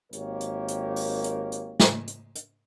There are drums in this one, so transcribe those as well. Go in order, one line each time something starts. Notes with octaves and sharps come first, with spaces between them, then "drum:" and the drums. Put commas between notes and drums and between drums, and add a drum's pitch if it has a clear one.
G#1 A#3 G4 A#4 C#5, drum: hi-hat
drum: hi-hat
drum: hi-hat
drum: open hi-hat
drum: hi-hat
drum: hi-hat
drum: snare
drum: hi-hat
drum: hi-hat